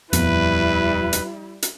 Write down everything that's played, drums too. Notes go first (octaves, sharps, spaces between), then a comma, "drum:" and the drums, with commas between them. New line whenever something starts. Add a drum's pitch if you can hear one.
D#1 F2 G3 B3 E4 B4, drum: hi-hat
drum: hi-hat
drum: hi-hat